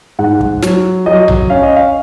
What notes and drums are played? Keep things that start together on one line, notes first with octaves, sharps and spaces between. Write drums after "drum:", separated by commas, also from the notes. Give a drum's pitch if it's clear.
G#2 F#5
drum: kick
F#3, drum: snare
F#3 D#5
drum: tom A#1
C#4 F5
D#5
F5